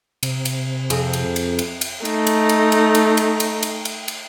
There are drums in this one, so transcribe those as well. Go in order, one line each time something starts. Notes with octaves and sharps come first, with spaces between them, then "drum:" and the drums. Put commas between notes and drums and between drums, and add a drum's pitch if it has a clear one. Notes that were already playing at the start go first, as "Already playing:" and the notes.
C3, drum: cymbal
drum: cymbal
F2 G#4, drum: cymbal
drum: cymbal
drum: cymbal
drum: cymbal
drum: cymbal
A3 D#4, drum: cymbal
drum: cymbal
drum: cymbal
drum: cymbal
drum: cymbal
drum: cymbal
drum: cymbal
drum: cymbal
drum: cymbal
drum: cymbal